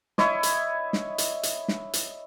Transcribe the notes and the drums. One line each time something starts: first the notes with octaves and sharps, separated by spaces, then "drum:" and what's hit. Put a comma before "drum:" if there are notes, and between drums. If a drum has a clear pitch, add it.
E4 C#5 D#5, drum: snare
drum: hi-hat
drum: snare
drum: hi-hat
drum: hi-hat
drum: snare
drum: hi-hat